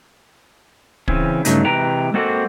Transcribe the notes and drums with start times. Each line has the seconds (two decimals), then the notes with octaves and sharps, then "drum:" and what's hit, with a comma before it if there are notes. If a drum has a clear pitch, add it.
1.08 C#3 E3 C4 C#4, drum: kick
1.45 G2 C#3 F#3 A3 D#4, drum: hi-hat
1.65 C3 E3 G#3 B4 G5 A#5
2.14 G#3 A#3 C4 F#4 A4